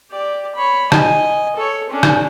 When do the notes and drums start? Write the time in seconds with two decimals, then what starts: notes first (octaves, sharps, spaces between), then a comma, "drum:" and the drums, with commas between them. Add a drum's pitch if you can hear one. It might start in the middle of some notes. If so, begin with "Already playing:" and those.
0.11 G4 D5
0.55 C#5 B5
0.92 D#5 G#5, drum: rim click
1.56 A4 C#5
1.90 C#4 D4
2.03 drum: rim click